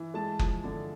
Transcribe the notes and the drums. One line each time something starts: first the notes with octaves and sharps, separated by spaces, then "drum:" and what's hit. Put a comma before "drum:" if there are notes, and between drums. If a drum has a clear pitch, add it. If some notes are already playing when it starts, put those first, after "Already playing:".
Already playing: E3
G#3 A5
F3, drum: kick F#1
D3